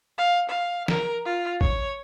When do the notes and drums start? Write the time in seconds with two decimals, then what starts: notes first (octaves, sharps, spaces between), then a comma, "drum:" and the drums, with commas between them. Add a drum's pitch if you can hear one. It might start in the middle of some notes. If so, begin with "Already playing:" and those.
0.18 F5
0.49 F5
0.88 A#4, drum: snare
1.26 F4
1.61 C#5, drum: kick